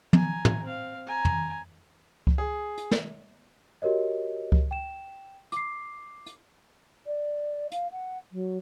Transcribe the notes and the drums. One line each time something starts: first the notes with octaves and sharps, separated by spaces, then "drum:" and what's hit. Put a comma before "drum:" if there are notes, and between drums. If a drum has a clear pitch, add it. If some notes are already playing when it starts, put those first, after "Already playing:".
G#5 A#5, drum: tom
drum: tom
C4 F5
G#5 A#5
drum: tom
drum: kick C#2
G#4
drum: hi-hat
drum: snare
F#4 G4 A#4 C#5 D#5
drum: kick C#2
G5 E7
D6 C7, drum: hi-hat
drum: hi-hat
D5
F5, drum: hi-hat
F#5
F#3